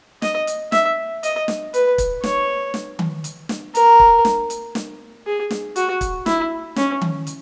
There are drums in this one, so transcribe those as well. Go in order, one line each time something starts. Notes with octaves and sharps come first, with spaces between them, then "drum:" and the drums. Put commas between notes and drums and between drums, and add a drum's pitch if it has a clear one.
D#5, drum: snare
drum: hi-hat
E5, drum: snare
D#5, drum: hi-hat
drum: snare
B4, drum: hi-hat
drum: kick, hi-hat
C#5, drum: snare
drum: snare
drum: tom D#3
drum: hi-hat
drum: snare
A#4, drum: hi-hat
drum: kick
drum: snare
drum: hi-hat
drum: snare
G#4
drum: snare
F#4, drum: hi-hat
drum: kick, hi-hat
E4, drum: snare
C#4, drum: snare
drum: tom D#3
drum: hi-hat